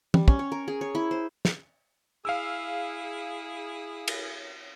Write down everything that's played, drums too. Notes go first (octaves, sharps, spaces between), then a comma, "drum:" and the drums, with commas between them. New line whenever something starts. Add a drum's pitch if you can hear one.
G3, drum: tom
C#4, drum: kick
C#5
A#4
G#4
C#5
E4
C5
drum: snare
E4 G#4 F5 E6
drum: cymbal